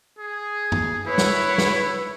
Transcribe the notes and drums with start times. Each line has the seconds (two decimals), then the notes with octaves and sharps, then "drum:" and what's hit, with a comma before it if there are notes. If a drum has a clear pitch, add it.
0.19 G#4
0.72 drum: tom G2
1.06 E4 B4 C#5
1.18 drum: snare
1.58 drum: snare